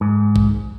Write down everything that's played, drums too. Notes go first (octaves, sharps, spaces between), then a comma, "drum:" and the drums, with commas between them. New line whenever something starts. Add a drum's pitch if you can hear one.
G#2
drum: kick